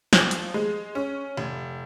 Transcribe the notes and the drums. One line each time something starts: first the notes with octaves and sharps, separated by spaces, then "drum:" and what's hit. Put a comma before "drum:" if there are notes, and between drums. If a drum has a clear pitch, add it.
F3, drum: snare
drum: hi-hat
G#3
C#4
F1